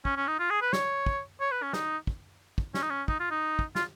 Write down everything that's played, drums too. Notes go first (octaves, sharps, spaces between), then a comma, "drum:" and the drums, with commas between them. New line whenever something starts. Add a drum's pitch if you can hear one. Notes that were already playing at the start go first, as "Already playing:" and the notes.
C#4, drum: kick
C#4
D#4
F4
G#4
B4
C#5, drum: snare
drum: kick
C#5
B4
C#4
D#4, drum: snare
drum: kick
drum: kick
C#4, drum: snare
D#4
C#4
D#4, drum: kick
F4
D#4
drum: kick
F4, drum: snare